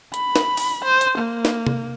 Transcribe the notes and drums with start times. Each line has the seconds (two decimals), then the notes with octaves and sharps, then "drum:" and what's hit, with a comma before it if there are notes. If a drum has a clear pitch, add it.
0.14 B5, drum: hi-hat
0.36 drum: snare
0.57 drum: open hi-hat
0.84 C5
1.01 drum: hi-hat
1.18 A#3
1.45 drum: snare
1.67 drum: tom C3